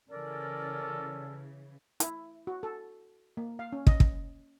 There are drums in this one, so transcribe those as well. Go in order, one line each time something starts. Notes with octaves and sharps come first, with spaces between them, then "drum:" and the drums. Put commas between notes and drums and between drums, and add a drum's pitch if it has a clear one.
C#3 E3 C#4 A4 A#4 D5
E4, drum: hi-hat
F#4
A4
A#3
F5
C#4
D#5, drum: kick
drum: kick